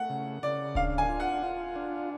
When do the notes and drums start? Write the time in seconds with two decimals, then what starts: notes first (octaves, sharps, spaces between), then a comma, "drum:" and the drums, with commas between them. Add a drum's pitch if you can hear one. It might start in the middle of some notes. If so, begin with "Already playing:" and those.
Already playing: A3 F#5
0.09 C#3
0.43 C#3 D5
0.75 D4 F5, drum: kick D1
0.98 G#5
1.09 F4
1.20 F#5
1.43 F4
1.76 D4